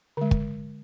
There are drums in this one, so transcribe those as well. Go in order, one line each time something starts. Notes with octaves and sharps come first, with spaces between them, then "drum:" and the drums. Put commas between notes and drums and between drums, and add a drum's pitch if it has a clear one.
D3 G#3
drum: kick